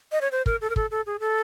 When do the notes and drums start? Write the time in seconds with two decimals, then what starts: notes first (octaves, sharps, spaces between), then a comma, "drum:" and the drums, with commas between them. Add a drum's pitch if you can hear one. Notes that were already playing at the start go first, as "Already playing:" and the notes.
0.12 D#5
0.21 C#5
0.32 C5
0.46 A#4, drum: kick
0.61 A4
0.70 A#4
0.76 A4, drum: kick
0.91 A4
1.06 G#4
1.20 A4